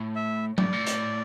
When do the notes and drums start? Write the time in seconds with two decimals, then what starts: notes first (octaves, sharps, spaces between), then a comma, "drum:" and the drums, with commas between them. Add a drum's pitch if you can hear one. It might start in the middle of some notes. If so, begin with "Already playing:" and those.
Already playing: A2
0.16 E5
0.58 A2 D5, drum: tom F#3
0.66 G2
0.73 A2
0.86 drum: hi-hat